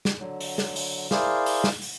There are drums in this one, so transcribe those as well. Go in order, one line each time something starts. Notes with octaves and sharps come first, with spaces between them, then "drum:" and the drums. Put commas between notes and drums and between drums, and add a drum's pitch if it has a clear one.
drum: snare
D3 F#3
drum: open hi-hat
drum: snare
drum: open hi-hat
E4 G#4 A#4 C5 D5 F5, drum: snare
drum: open hi-hat
drum: snare
drum: open hi-hat